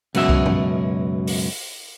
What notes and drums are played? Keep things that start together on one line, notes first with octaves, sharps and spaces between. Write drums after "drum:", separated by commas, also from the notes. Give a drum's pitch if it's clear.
C#2 F#2 B2 F#4 E5, drum: cymbal
drum: kick C2
drum: tom
drum: open hi-hat